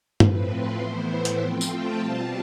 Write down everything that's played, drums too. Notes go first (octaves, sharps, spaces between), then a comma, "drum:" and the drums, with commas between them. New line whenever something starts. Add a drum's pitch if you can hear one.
A2 F3 C4 B4, drum: tom G2
C5
A2 E3 B3 E4 C5
B4
drum: hi-hat
F3 A3 C4 F4 G5
drum: tambourine
A5
B2 G3 C4 F4